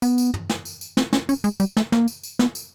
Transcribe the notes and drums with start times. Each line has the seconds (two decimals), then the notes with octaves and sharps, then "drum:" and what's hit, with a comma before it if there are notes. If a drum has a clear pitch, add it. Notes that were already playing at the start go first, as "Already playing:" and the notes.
0.02 B3, drum: tambourine
0.18 drum: tambourine
0.34 drum: tom
0.50 drum: snare
0.65 drum: tambourine
0.81 drum: tambourine
0.97 C4, drum: snare
1.13 C#4, drum: snare
1.29 C#4, drum: tambourine
1.44 G#3, drum: tambourine
1.60 G3, drum: tambourine
1.77 A3, drum: snare
1.92 A#3, drum: snare
2.08 drum: tambourine
2.23 drum: tambourine
2.39 B3, drum: snare
2.55 drum: tambourine